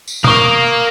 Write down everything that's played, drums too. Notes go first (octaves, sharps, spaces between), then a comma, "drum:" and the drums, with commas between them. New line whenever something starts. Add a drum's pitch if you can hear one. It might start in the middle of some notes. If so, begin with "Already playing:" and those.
drum: tambourine
A#4 F5 C#6 D#6, drum: tom